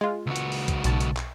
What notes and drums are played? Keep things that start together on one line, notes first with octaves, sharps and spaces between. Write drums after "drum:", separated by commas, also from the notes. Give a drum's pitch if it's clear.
G#3 F4
C#2 F#4
drum: hi-hat
drum: open hi-hat
drum: kick B1, hi-hat
B1 A5, drum: hi-hat
drum: hi-hat
drum: clap